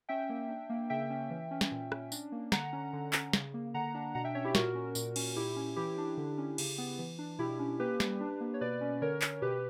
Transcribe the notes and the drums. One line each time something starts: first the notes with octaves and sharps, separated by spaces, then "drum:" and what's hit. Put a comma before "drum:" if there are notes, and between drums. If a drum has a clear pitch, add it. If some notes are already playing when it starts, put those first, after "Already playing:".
C#4 E5 G5
A#3
D4
A#3
C#3 E5 G5
C#4
E3
C#4
drum: snare
A#2
C#4, drum: rim click
D4, drum: tambourine
A#3
D3 F#5 A#5, drum: snare
C#4
D3
C#4, drum: clap
C#3, drum: snare
A#3
D3 F#5 A#5
D4
B2 F#5 A#5
E5 G5
C#4 C#5 E5
E4 G4
A#2 F#4 A#4, drum: snare
C#4
A#2, drum: tambourine
C#4, drum: cymbal
A#2 E4 G4
C#4
E3 E4 G4
D4
D3
C#4
C#3, drum: cymbal
B3
E3
D4
B2 E4 G4
C#4
A#3 G4 B4
G3, drum: snare
D4
A#3
C#5
B2 B4 D5
C#4
D3 A#4 C#5
C#4, drum: clap
B2 G4 B4